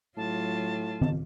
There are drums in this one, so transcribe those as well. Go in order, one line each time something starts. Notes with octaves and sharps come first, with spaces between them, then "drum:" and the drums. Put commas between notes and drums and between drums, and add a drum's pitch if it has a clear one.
A2 F#3 F4 A5
drum: tom D#3